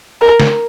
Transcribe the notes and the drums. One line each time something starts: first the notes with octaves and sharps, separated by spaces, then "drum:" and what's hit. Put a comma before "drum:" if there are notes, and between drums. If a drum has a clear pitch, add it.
A#4
drum: snare